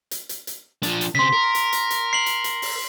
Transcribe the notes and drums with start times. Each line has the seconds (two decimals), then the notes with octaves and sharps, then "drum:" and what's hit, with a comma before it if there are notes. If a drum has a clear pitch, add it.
0.11 drum: hi-hat
0.29 drum: hi-hat
0.47 drum: hi-hat
0.83 F3 D4, drum: hi-hat
1.01 drum: hi-hat
1.15 C#3 C4 C6 B6
1.33 A#4
1.55 drum: hi-hat
1.73 drum: hi-hat
1.90 drum: hi-hat
2.13 C7 F#7
2.26 drum: hi-hat
2.44 drum: hi-hat
2.62 drum: open hi-hat